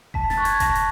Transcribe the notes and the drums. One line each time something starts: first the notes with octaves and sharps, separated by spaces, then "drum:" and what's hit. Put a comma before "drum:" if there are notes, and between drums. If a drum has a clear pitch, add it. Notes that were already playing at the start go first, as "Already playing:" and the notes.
A5 B6, drum: kick F1
A6, drum: snare
C#6 F#6
G#6, drum: hi-hat
A5 A#6, drum: kick F1, hi-hat
drum: hi-hat